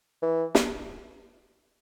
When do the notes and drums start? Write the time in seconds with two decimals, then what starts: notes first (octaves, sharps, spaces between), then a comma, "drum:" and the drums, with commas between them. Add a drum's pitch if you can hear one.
0.23 E3
0.55 drum: snare